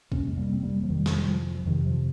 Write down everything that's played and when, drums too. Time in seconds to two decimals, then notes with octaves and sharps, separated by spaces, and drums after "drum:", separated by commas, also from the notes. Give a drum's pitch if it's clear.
0.12 F2 C3 A#3 C#4, drum: kick B1
0.28 G#3
0.37 G3 A#3
0.53 C4
0.63 G3 A#3
0.83 F3
0.89 F2 C3 D#3 G3
1.06 drum: snare
1.17 G3
1.28 F3
1.58 F3
1.66 F2 C3 D#3
1.86 F3